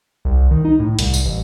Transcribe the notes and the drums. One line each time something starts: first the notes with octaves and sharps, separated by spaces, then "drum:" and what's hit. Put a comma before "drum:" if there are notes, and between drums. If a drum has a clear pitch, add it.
C2
D#3
D#4
A2
C2, drum: hi-hat
drum: tambourine
A1